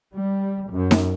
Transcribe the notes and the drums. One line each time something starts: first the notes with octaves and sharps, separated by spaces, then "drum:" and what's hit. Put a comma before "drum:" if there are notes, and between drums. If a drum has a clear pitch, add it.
G3
F#2
drum: snare D#4